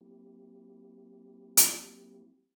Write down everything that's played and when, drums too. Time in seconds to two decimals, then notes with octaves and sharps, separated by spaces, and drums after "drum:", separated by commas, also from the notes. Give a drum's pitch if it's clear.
0.01 F#3 A#3 C4 E4 G4
1.57 drum: hi-hat